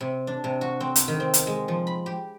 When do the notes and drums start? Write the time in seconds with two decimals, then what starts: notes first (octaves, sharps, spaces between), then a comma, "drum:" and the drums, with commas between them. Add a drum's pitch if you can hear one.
0.01 C3
0.27 D4
0.44 C3
0.61 F#4
0.80 C4
0.96 drum: hi-hat
1.08 D#3
1.20 C4
1.34 drum: hi-hat
1.47 G#3
1.68 F3
1.87 B5
2.06 G4